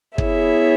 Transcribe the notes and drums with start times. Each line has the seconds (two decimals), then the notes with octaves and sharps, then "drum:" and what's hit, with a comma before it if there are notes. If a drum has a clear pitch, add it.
0.18 B3 E4 G#4 C#5 E5, drum: kick